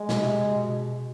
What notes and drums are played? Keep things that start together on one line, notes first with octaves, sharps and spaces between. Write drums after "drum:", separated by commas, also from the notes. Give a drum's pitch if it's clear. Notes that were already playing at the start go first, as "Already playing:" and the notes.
Already playing: G#3
B2, drum: snare
C3
C3
B2